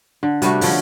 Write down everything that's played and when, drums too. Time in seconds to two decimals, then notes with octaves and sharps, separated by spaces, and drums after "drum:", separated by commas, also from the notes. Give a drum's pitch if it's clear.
0.23 D3
0.42 C3 G3 A3 F#4, drum: hi-hat
0.61 D3 F3 C#4, drum: open hi-hat